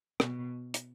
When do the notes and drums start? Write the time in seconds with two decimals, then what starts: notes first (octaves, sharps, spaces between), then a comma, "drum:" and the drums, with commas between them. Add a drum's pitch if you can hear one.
0.20 B2, drum: rim click
0.74 drum: hi-hat